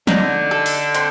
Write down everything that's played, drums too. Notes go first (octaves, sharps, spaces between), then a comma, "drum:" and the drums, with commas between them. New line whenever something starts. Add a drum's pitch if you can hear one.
D3 D#4, drum: snare
A4
drum: open hi-hat
C4, drum: hi-hat